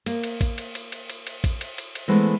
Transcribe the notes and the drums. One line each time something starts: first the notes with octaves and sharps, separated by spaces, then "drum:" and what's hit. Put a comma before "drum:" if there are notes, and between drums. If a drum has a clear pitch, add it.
A#3, drum: cymbal
drum: cymbal
drum: kick A1, cymbal
drum: cymbal
drum: cymbal
drum: cymbal
drum: cymbal
drum: cymbal
drum: kick A1, cymbal
drum: cymbal
drum: cymbal
drum: cymbal
E3 G#3 A3 B3 C5